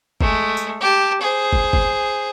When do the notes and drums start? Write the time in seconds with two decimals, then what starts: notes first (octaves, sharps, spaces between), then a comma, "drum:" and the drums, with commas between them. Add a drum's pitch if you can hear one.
0.21 G#3 A3, drum: kick
0.57 drum: tambourine
0.81 G4 A5
1.21 G#4 C5
1.53 drum: kick
1.73 drum: kick